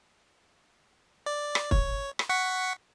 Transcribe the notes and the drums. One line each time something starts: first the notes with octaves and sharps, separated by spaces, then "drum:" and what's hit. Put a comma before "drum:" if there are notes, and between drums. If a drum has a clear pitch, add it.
D5
drum: rim click
C#5, drum: kick
drum: rim click
F#5 C#6 B6